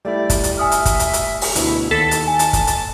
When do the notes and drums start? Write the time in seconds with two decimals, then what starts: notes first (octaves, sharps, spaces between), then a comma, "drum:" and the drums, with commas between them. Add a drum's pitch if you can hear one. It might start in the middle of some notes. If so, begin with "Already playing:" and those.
0.05 G3 A3 E4 D5
0.30 drum: kick, hi-hat
0.44 drum: hi-hat
0.57 E5 G#5 D#6 F6
0.71 drum: hi-hat
0.85 drum: kick, hi-hat
0.99 drum: hi-hat
1.13 drum: hi-hat
1.41 drum: open hi-hat
1.55 D2 B2 E4, drum: hi-hat
1.91 D#2 A4 A5 B6
2.11 drum: hi-hat
2.27 G#5
2.39 drum: hi-hat
2.53 drum: kick, hi-hat
2.67 drum: hi-hat